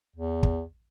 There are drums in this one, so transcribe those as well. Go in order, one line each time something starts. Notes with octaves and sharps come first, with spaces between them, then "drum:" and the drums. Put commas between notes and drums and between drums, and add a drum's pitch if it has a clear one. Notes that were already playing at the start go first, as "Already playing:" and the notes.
E2
drum: kick